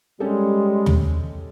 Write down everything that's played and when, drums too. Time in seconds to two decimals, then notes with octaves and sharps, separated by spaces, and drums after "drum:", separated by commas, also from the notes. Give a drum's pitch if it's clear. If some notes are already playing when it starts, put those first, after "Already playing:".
0.20 G3 G#3 C#4 G4 A4
0.86 drum: tom